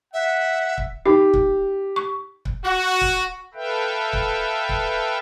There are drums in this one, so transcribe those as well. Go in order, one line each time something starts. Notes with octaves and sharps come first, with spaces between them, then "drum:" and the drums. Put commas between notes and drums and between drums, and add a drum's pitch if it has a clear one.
E5 F#5
drum: kick C#1
D#4 G4
drum: kick C#1
C#6
drum: kick C#1
F#4
drum: kick C#1
A4 B4 E5 F5 G5
drum: kick C#1
drum: kick C#1